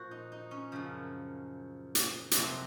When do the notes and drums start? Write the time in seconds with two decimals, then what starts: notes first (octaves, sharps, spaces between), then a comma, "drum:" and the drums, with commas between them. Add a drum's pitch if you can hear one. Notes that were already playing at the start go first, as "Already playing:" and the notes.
Already playing: A#2 F3 F#4 C5
0.11 D#4
0.32 D#4
0.51 C#4
0.72 F#2 C#3 F3
1.95 drum: hi-hat
2.31 F2 C3 F#3 C4, drum: hi-hat